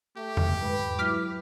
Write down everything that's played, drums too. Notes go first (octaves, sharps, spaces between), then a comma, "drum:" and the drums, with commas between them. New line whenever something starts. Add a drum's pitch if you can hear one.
A3 G4
drum: tom E2
G#2 B4
F#3 E4 D6 F6 B6